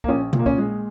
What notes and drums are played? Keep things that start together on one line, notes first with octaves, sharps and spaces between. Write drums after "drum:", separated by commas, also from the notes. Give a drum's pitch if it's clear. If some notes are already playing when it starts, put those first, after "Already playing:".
A#3, drum: kick
A#1 C#4
A#2, drum: tom B2
A#3
C#4, drum: kick
G#3